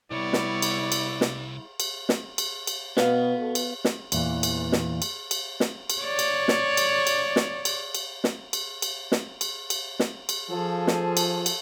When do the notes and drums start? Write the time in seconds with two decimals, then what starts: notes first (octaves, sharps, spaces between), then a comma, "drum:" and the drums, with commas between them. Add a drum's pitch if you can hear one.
0.12 C2 C3 G3 B3 E4 C#5 D5
0.33 drum: snare
0.62 drum: cymbal
0.92 drum: cymbal
1.21 drum: snare
1.80 drum: cymbal
2.09 drum: snare
2.38 drum: cymbal
2.67 drum: cymbal
2.97 B2 B3 B4 F5, drum: snare
3.36 B2 A4
3.55 drum: cymbal
3.85 drum: snare
4.12 E2 A#2 E3, drum: cymbal
4.43 drum: cymbal
4.72 drum: snare
5.02 drum: cymbal
5.31 drum: cymbal
5.60 drum: snare
5.90 drum: cymbal
6.02 C#5 D5
6.19 drum: cymbal
6.48 drum: snare
6.77 drum: cymbal
7.07 drum: cymbal
7.36 drum: snare
7.65 drum: cymbal
7.95 drum: cymbal
8.24 drum: snare
8.53 drum: cymbal
8.82 drum: cymbal
9.12 drum: snare
9.41 drum: cymbal
9.70 drum: cymbal
10.00 drum: snare
10.29 drum: cymbal
10.50 F3 G#4 A4
10.87 drum: snare
11.17 drum: cymbal
11.46 drum: cymbal